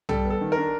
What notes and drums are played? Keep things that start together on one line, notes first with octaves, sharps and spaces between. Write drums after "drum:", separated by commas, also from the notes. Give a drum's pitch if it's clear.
G3 A4, drum: tom
B3
A4
D#3
A#4
D4